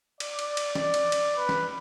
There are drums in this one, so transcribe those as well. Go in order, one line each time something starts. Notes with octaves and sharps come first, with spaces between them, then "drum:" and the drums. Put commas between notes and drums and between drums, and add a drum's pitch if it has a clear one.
D5, drum: cymbal
drum: cymbal
drum: cymbal
drum: snare
drum: cymbal
drum: cymbal
B4
drum: snare